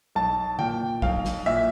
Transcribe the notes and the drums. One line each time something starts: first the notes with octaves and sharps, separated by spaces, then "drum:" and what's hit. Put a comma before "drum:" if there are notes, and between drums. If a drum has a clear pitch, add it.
B1 A5
A#2 G5, drum: tom D3
B1 F5, drum: kick
drum: snare
A#2 E5